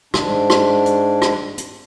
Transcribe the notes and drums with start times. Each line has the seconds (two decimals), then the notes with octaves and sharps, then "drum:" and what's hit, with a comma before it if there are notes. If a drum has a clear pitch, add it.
0.14 G#2 D4, drum: rim click
0.50 drum: rim click
0.86 drum: hi-hat
1.22 drum: rim click
1.58 drum: hi-hat